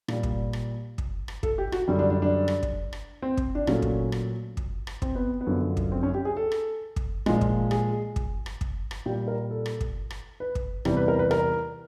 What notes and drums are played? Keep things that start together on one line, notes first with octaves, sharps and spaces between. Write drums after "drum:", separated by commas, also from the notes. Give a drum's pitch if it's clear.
A#2 G3, drum: rim click
drum: kick
drum: rim click
drum: kick
drum: rim click
A4, drum: kick
G4
F#4, drum: rim click
F#2 D3 G3
D4
D4
D4
drum: rim click
drum: kick
drum: rim click
C4
drum: kick
D4
A#2 F#3 A3 C#4, drum: rim click
drum: kick
drum: rim click
drum: kick
drum: rim click
C4, drum: kick
B3
B3
F#2 D3 F3
drum: kick
C4
C#4
G4
G#4
A4
drum: rim click
drum: kick
A#2 F3 G#3, drum: rim click
drum: kick
G#4, drum: rim click
drum: kick
drum: rim click
drum: kick
drum: rim click
A#2 G3 G4
A#4
A4
drum: rim click
drum: kick
drum: rim click
B4
drum: kick
E2 C3 E3 G3, drum: rim click
B4
A#4
B4
A#4, drum: rim click